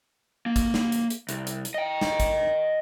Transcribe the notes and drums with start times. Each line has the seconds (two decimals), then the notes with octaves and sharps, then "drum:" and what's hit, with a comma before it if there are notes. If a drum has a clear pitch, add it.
0.46 A#3
0.56 drum: kick G#1, hi-hat
0.74 drum: snare
0.92 drum: hi-hat
1.10 drum: hi-hat
1.29 C2, drum: hi-hat
1.47 drum: hi-hat
1.65 drum: hi-hat
1.74 D#5 G5
2.01 drum: snare
2.20 drum: kick G#1, hi-hat